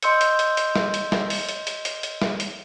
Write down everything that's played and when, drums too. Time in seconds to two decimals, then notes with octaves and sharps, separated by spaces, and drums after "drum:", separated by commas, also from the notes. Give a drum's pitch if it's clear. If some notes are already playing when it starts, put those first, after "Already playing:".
0.03 D#5 C6 E6 G6 C#7, drum: hi-hat
0.21 drum: hi-hat
0.39 drum: hi-hat
0.57 drum: hi-hat
0.76 drum: snare
0.94 drum: hi-hat
1.12 drum: snare
1.30 drum: open hi-hat
1.49 drum: hi-hat
1.67 drum: hi-hat
1.85 drum: hi-hat
2.03 drum: hi-hat
2.22 drum: snare
2.40 drum: hi-hat